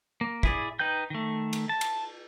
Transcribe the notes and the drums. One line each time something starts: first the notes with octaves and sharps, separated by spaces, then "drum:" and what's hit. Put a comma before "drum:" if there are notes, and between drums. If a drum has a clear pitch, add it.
A#3
E4 G#4 D5, drum: kick
D#4 B4 G5 G6
D#3 A3
drum: cymbal
A5
drum: cymbal